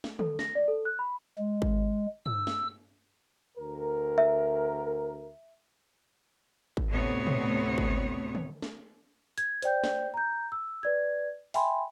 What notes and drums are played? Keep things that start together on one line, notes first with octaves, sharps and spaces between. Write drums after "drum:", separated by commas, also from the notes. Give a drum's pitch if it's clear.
drum: snare
A4, drum: tom
A#6, drum: snare
D5
A4
F#6
B5
G#3
drum: kick G#1
E6, drum: tom
drum: snare
D2 A#4
E5
drum: kick G#1
D2 A2 C3 B3 C#5
drum: tom
drum: kick G#1
drum: tom
drum: snare
G#6, drum: hi-hat
C5 D5 G5 G6, drum: hi-hat
drum: snare
A#5 G6
E6
B4 D5 G#6
E5 G5 G#5 B5 C6, drum: open hi-hat